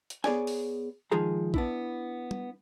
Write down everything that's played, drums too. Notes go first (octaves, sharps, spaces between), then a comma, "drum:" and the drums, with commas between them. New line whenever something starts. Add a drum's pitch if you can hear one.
drum: hi-hat
B3 G#4 C#5 D5 G#5, drum: snare
drum: open hi-hat
D#3 F3 G#3 G#4 A#5
B3 D4 E4, drum: kick A#1
drum: tom G3